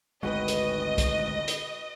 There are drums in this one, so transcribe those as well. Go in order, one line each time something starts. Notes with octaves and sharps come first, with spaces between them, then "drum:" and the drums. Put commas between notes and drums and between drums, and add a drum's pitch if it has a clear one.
G#1 D2 G#3 F#4 B4 D#5 G5
drum: hi-hat
drum: kick, hi-hat
drum: hi-hat